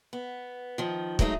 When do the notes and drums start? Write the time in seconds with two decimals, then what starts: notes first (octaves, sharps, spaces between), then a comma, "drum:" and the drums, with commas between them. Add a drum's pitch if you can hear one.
0.13 B3
0.78 D#3 F3
1.19 F#3 G#3 A3 D#4, drum: kick